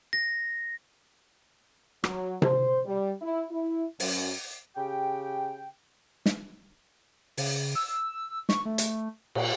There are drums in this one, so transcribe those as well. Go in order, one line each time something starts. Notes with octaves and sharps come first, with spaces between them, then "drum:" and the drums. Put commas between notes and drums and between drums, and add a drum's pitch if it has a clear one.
A#6
F#3, drum: rim click
C5, drum: tom C3
G3
E4
E4
F#2, drum: open hi-hat
C#3 G4 G5
drum: snare
C#3, drum: open hi-hat
E6
C#6, drum: snare
A3
drum: hi-hat
A#2, drum: cymbal